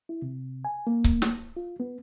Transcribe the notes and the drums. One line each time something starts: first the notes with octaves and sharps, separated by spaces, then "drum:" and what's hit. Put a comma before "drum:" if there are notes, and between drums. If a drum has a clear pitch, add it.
E4
C3
G#5
A#3
drum: kick C#1
drum: snare
F4
B3